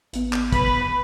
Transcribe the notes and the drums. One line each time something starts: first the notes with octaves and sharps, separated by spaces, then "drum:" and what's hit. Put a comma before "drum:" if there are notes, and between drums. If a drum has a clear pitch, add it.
G#1 B3, drum: hi-hat
drum: clap
B4 B5, drum: kick, hi-hat